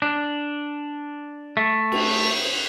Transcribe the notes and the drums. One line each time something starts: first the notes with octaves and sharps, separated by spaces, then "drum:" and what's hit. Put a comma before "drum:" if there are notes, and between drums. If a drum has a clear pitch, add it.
D4
A3
drum: cymbal